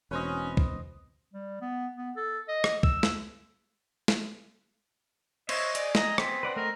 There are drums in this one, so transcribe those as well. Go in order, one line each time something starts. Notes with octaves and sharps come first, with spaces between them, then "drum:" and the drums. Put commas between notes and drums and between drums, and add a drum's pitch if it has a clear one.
E1 E3 C4 C#4 F#4 B4 C5 D#5
drum: kick
G3
B3
B3
A4
D#5
drum: rim click
E6, drum: kick
drum: snare
drum: snare
C5 C#5 D#5 E5, drum: cymbal
G#4 D5, drum: hi-hat
D#5 A#5, drum: snare
B3 C4, drum: rim click
B4 D5 F#5
A3 A#4 D#5 A#5